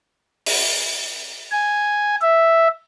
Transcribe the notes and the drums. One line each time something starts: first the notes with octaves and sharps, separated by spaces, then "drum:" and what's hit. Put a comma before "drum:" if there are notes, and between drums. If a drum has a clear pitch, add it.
drum: open hi-hat
G#5
E5